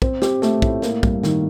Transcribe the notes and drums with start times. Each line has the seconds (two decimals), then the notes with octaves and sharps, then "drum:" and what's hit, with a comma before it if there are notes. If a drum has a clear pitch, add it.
0.02 C4, drum: kick
0.22 G4, drum: snare
0.42 A3, drum: snare
0.62 A2, drum: kick
0.82 A#3, drum: snare
1.03 G2, drum: kick
1.23 D#3, drum: snare